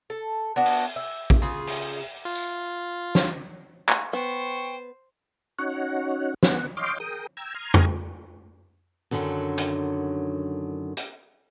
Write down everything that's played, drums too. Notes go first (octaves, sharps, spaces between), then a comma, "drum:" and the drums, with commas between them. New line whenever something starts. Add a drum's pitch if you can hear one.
A4
B3 D4 F#4
drum: open hi-hat
E5
drum: kick A#1
C#3 F4 G#4
drum: open hi-hat
F4
drum: tambourine
drum: snare
drum: clap
B3 C5 G5 C#6
C#4 D#4 F#4 C#5 F#5
B3 F#5, drum: snare
C#5 D#5 F5 G5 C6 D6
G#4 A#4 G5 D#6
G5 A#5 E6 G#6
A#5 C6 D#6 F6 G#6
drum: tom F2
F#2 D3 D#3 F#3 D4
drum: hi-hat
drum: hi-hat